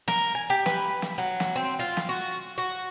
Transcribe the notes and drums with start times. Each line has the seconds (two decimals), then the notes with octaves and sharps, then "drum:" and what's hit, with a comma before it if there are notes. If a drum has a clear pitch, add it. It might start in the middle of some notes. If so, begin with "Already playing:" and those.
0.08 A#4, drum: snare
0.35 G#5
0.50 G4
0.66 B4, drum: snare
1.02 drum: snare
1.18 F#3
1.40 drum: snare
1.56 C4
1.79 F4
1.97 drum: snare
2.09 F#4
2.58 F#4